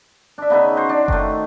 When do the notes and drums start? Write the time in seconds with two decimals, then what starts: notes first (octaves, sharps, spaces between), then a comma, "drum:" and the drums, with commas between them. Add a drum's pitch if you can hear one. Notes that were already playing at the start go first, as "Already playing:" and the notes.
0.38 D4 E5
0.50 C#3 B3 D#4 E5
0.76 F#4 C5 C#5
0.89 D4
1.08 D#3 A3, drum: kick F#1